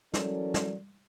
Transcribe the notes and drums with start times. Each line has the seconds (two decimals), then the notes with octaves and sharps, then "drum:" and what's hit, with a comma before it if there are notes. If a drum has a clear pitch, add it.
0.14 E3 F#3 C#4 A4 A#4 D5, drum: snare
0.54 drum: snare